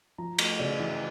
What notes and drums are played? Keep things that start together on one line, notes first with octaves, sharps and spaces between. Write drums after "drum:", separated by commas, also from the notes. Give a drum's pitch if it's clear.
F3 A#5
A3, drum: cymbal
C#3 D5
E3